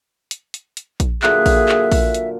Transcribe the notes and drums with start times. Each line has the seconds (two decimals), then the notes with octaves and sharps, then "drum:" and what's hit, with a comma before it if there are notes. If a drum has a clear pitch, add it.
0.31 drum: hi-hat
0.54 drum: hi-hat
0.77 drum: hi-hat
1.00 drum: kick A#1, hi-hat
1.23 A#2 D3 F#3 G#4 E5 F#6, drum: clap
1.46 drum: kick A#1, open hi-hat
1.69 drum: clap
1.92 drum: kick A#1, open hi-hat
2.15 drum: hi-hat